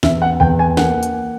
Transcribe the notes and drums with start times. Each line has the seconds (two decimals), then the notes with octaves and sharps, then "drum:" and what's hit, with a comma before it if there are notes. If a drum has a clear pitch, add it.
0.03 E2 E5, drum: snare
0.22 F#5
0.40 E2 G5
0.59 G#5
0.77 A#3 F#5, drum: snare
1.03 drum: hi-hat